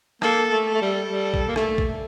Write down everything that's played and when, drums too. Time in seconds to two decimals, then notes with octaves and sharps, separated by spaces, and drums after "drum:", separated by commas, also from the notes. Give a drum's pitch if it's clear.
0.22 A#3 A4, drum: rim click
0.52 A3
0.67 A4
0.74 A3
0.81 G3
1.11 G3
1.34 drum: kick
1.48 A#3
1.56 A3, drum: rim click
1.78 drum: kick